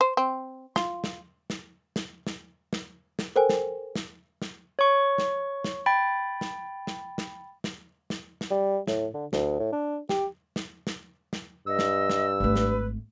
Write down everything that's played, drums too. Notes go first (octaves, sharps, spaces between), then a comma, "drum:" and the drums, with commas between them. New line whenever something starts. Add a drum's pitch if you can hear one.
C5
C4
F4, drum: snare
drum: snare
drum: snare
drum: snare
drum: snare
drum: snare
drum: snare
A4 A#4 C5 G5 G#5
drum: snare
drum: snare
drum: snare
C#5 C#6
drum: snare
drum: snare
G5 B5 A6
drum: snare
drum: snare
drum: snare
drum: snare
drum: snare
drum: snare
G3
A2, drum: snare
D3
D2, drum: snare
A2
D4
G4, drum: snare
drum: snare
drum: snare
drum: snare
G2 D#5 E6
drum: snare
drum: snare
G#1 A3 B4
drum: snare